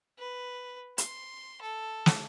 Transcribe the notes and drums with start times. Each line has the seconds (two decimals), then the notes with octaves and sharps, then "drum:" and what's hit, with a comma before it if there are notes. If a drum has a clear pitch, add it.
0.19 B4
0.98 C6, drum: hi-hat
1.62 A4
2.06 drum: snare